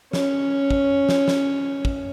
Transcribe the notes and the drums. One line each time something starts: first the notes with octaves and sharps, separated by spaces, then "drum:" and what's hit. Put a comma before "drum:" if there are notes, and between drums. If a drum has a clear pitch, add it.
C#4 C#5, drum: snare
drum: kick
drum: snare
drum: snare
drum: kick